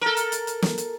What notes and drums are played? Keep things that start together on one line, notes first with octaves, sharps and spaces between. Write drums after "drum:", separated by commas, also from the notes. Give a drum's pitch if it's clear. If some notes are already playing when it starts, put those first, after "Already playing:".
A4 A#4
drum: hi-hat
drum: hi-hat
drum: hi-hat
drum: snare
drum: hi-hat